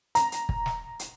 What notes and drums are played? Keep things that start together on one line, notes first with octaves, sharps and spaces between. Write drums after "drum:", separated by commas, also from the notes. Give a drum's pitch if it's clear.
A#5, drum: hi-hat
drum: hi-hat
drum: kick
drum: snare
drum: hi-hat